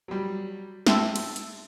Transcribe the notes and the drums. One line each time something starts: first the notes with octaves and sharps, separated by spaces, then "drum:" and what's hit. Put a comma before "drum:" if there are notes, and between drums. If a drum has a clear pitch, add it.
F#3 G3
E5 G5 A5 C6 E6, drum: snare
drum: cymbal
drum: hi-hat